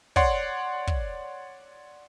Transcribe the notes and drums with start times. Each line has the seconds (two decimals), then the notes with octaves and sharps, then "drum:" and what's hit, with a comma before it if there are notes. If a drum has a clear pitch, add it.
0.16 C#5 D5 F#5 C6, drum: kick
0.87 drum: kick